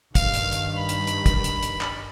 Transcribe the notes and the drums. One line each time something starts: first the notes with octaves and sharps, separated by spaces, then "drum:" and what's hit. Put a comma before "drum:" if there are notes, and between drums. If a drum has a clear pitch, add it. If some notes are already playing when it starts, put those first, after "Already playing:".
G2 D#3 F5, drum: kick, hi-hat
drum: hi-hat
drum: hi-hat
B5
drum: hi-hat
drum: hi-hat
drum: kick, hi-hat
drum: hi-hat
drum: hi-hat
drum: clap